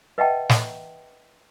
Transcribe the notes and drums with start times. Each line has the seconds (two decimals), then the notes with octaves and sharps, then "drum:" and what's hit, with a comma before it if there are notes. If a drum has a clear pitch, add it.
0.18 B4 D#5 E5 F#5 G5 A5
0.49 drum: snare